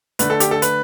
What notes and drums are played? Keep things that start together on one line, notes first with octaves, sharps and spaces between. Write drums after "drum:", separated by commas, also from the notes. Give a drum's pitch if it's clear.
D3 A3 D4 B4, drum: hi-hat
A4
G4, drum: hi-hat
A4
B4, drum: hi-hat